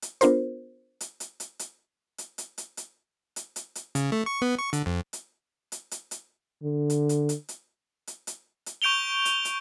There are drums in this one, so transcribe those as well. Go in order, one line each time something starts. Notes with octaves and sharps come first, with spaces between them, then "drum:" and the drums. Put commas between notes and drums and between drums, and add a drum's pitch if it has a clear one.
drum: hi-hat
B3 D4 F4 A#4 C5, drum: hi-hat
drum: hi-hat
drum: hi-hat
drum: hi-hat
drum: hi-hat
drum: hi-hat
drum: hi-hat
drum: hi-hat
drum: hi-hat
drum: hi-hat
drum: hi-hat
drum: hi-hat
C#3, drum: hi-hat
A3
C#6
B3
C#6
D3, drum: hi-hat
F2
drum: hi-hat
drum: hi-hat
drum: hi-hat
drum: hi-hat
D3
drum: hi-hat
drum: hi-hat
drum: hi-hat
drum: hi-hat
drum: hi-hat
drum: hi-hat
drum: hi-hat
C#6 G6 D7 F7 G7
drum: hi-hat
drum: hi-hat